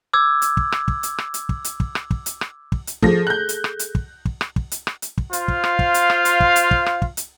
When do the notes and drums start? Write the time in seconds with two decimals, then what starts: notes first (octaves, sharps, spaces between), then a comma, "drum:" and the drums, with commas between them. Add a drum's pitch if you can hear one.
0.13 D6 E6 G#6
0.42 drum: hi-hat
0.57 drum: kick
0.72 drum: rim click
0.88 drum: kick
1.03 drum: hi-hat
1.18 drum: rim click
1.34 drum: hi-hat
1.49 drum: kick
1.64 drum: hi-hat
1.80 drum: kick
1.95 drum: rim click
2.11 drum: kick
2.26 drum: hi-hat
2.41 drum: rim click
2.72 drum: kick
2.87 drum: hi-hat
3.02 F3 G#4 A4 A#6, drum: kick
3.27 F#6 G6
3.49 drum: hi-hat
3.64 drum: rim click
3.79 drum: hi-hat
3.95 drum: kick
4.25 drum: kick
4.41 drum: rim click
4.56 drum: kick
4.71 drum: hi-hat
4.87 drum: rim click
5.02 drum: hi-hat
5.18 drum: kick
5.33 F4 C5 F5, drum: hi-hat
5.48 drum: kick
5.64 drum: rim click
5.79 drum: kick
5.94 drum: hi-hat
6.10 drum: rim click
6.25 drum: hi-hat
6.40 drum: kick
6.56 drum: hi-hat
6.71 drum: kick
6.86 drum: rim click
7.02 drum: kick
7.17 drum: hi-hat